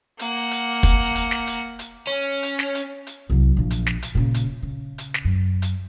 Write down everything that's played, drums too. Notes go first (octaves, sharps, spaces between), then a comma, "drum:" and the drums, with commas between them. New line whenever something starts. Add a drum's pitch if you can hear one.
A#3 F#5, drum: hi-hat
drum: hi-hat
drum: kick, hi-hat
drum: hi-hat
drum: snare
drum: hi-hat
drum: hi-hat
C#4
drum: hi-hat
drum: snare
drum: hi-hat
drum: hi-hat
C2 F#3
A#1 F3
drum: hi-hat
drum: snare
drum: hi-hat
A#2 C#3
drum: hi-hat
C#3
drum: hi-hat
drum: snare
F#2
drum: hi-hat